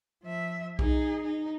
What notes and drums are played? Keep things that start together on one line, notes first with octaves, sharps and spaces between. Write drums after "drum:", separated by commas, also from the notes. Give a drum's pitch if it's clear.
F3 E5
D#4 G#4, drum: kick B1
D#4